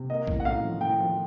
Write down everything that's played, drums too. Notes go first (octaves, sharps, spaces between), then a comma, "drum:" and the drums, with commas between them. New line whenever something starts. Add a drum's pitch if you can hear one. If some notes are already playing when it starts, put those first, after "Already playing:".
Already playing: C3
A#3 D#5
A2, drum: kick
F#5
A2 F5
F3
A2 G5
F3